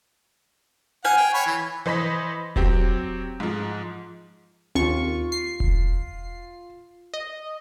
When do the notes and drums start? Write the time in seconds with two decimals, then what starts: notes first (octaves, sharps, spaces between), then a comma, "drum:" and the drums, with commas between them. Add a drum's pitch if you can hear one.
1.05 F5 F#5 G#5
1.17 G5
1.34 C#5 B5 C#6
1.46 E3
1.86 E3 C5 D#5 B5 B6
2.56 F#3 C4 G4, drum: kick E1
3.40 G#2 F3
4.75 D#2 F4 C#6, drum: tom C4
5.32 C7
5.60 drum: kick E1
7.14 D#5